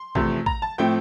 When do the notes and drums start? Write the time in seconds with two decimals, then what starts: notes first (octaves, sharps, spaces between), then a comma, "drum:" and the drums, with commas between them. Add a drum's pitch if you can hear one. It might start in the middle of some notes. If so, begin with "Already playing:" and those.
Already playing: C6
0.15 E2 C3 F3 A3, drum: kick
0.46 A#5, drum: kick
0.62 A5
0.78 A2 F3 A3 C4 G5